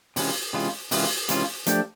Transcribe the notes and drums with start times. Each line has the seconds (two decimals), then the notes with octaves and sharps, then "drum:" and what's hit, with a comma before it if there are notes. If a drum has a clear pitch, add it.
0.16 C3 E3 G#3 C#4 F4, drum: open hi-hat
0.53 C3 E3 G#3 C#4 F4
0.91 C3 E3 G#3 C#4 F4, drum: open hi-hat
1.29 C3 E3 G#3 C#4 F4, drum: hi-hat
1.66 F3 A3 D4 G4, drum: hi-hat